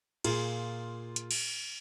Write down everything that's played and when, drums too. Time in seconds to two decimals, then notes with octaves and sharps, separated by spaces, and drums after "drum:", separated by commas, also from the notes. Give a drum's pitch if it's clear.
0.24 A#2 F4 G#4, drum: cymbal
1.16 drum: hi-hat
1.31 drum: cymbal